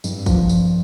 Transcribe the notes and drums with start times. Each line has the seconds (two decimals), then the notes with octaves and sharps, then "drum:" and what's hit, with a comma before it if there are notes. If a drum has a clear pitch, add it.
0.04 G2, drum: tambourine
0.26 F3, drum: kick, tambourine
0.49 drum: tambourine